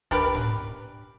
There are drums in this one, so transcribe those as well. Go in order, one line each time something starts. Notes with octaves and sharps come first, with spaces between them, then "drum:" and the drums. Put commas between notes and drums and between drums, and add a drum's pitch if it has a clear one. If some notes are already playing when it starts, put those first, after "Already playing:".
D4 G4 A#4 B4, drum: kick D2
drum: tom A2